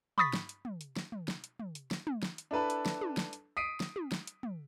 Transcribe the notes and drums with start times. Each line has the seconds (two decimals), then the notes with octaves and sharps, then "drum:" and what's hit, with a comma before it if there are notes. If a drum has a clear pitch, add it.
0.18 B5 C#6 D#6 A6 B6, drum: tom
0.33 drum: snare
0.49 drum: hi-hat
0.65 drum: tom
0.81 drum: hi-hat
0.96 drum: snare
1.12 drum: tom
1.28 drum: snare
1.44 drum: hi-hat
1.59 drum: tom
1.75 drum: hi-hat
1.91 drum: snare
2.07 drum: tom
2.23 drum: snare
2.38 drum: hi-hat
2.51 D4 E4 A4 B4 A5 B5
2.70 drum: hi-hat
2.86 drum: snare
3.01 drum: tom
3.17 drum: snare
3.33 drum: hi-hat
3.57 D#6 B6 C7 D7 D#7
3.80 drum: snare
3.96 drum: tom
4.12 drum: snare
4.27 drum: hi-hat
4.43 drum: tom